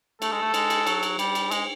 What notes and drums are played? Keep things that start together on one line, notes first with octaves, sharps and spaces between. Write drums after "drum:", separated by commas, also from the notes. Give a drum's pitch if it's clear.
A3 A4, drum: cymbal
G#3
A3
G#3, drum: cymbal
drum: cymbal
F#3, drum: cymbal
drum: cymbal
G3, drum: cymbal
drum: cymbal
G#3, drum: cymbal